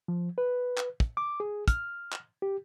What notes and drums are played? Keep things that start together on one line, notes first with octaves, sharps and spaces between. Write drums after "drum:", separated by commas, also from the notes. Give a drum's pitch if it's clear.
F3
B4
drum: clap
drum: kick
D6
G#4
F6, drum: kick, hi-hat
drum: clap
G4